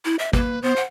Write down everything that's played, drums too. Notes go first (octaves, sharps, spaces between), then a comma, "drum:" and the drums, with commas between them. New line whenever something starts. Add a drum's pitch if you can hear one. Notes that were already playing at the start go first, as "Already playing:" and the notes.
E4
E5
A#3 B4, drum: kick
B3 C5
F#5